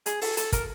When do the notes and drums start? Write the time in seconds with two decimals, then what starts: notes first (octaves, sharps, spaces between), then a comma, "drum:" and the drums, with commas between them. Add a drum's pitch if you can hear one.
0.06 G#4, drum: hi-hat
0.21 A4, drum: open hi-hat
0.37 A4, drum: hi-hat
0.52 A#4, drum: kick, hi-hat